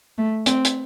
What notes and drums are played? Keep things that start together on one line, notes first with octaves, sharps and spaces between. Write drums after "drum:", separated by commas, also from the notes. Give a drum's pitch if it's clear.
A3
C4, drum: hi-hat
drum: hi-hat